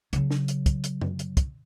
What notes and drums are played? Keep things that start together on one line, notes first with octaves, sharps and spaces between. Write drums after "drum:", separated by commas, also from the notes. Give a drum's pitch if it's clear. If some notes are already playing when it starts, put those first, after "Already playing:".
C#3 F#3, drum: hi-hat
drum: snare
drum: hi-hat
drum: kick, hi-hat
drum: hi-hat
drum: tom F#2
drum: hi-hat
drum: kick, hi-hat